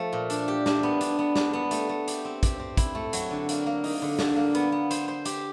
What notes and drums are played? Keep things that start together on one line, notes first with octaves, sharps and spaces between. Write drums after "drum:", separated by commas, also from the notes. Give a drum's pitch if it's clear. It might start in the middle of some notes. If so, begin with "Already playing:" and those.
Already playing: F3 A3
A#2
D4, drum: hi-hat
G4
D4, drum: snare
B3
D4, drum: hi-hat
B3
D4, drum: snare
B3
A3, drum: hi-hat
A3
G4, drum: hi-hat
C4
G4, drum: kick, hi-hat
C4
E4, drum: kick, hi-hat
A3
F#3, drum: hi-hat
D3
A#3, drum: hi-hat
A#3
D#4, drum: open hi-hat
D3
D3, drum: snare
A#3
B3, drum: hi-hat
B3
C5, drum: hi-hat
C5
G4, drum: hi-hat